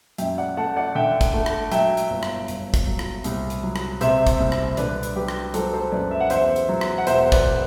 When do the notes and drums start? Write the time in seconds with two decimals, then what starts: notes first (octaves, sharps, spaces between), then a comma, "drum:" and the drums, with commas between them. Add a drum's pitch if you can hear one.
0.18 F#2 E5 G5, drum: hi-hat
0.38 D5 F#5
0.57 A3 F#5 A5
0.76 D5 F#5
0.95 D3 E5 G5
1.21 drum: kick, hi-hat
1.34 A3
1.46 drum: rim click
1.71 F#3 E5 G5, drum: hi-hat
1.97 drum: hi-hat
2.10 G1
2.23 drum: rim click
2.48 G1, drum: hi-hat
2.74 drum: kick, hi-hat
2.87 F#3
2.99 drum: rim click
3.24 C2, drum: hi-hat
3.50 drum: hi-hat
3.63 F#3
3.76 drum: rim click
4.01 C3 C5 E5, drum: hi-hat
4.27 drum: kick, hi-hat
4.39 C2
4.52 drum: rim click
4.77 D3 B4 D5, drum: hi-hat
5.03 drum: hi-hat
5.16 F#3 G4 B4
5.28 drum: rim click
5.54 F#3 A4 C5, drum: hi-hat
5.73 A4 C5
5.92 F#2 B4 D5
6.11 E5
6.21 F#5
6.30 E2 C5 E5, drum: hi-hat
6.56 drum: hi-hat
6.69 F#3
6.81 drum: rim click
6.98 F#5
7.07 E1 C5 E5, drum: hi-hat
7.32 B4 D5, drum: kick, hi-hat